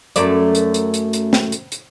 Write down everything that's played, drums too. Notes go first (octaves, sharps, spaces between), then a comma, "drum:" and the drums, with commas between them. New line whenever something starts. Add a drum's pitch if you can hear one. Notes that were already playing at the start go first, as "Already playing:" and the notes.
F#2 A3 D5, drum: hi-hat
drum: hi-hat
drum: hi-hat
drum: hi-hat
drum: hi-hat
drum: snare
drum: hi-hat
drum: hi-hat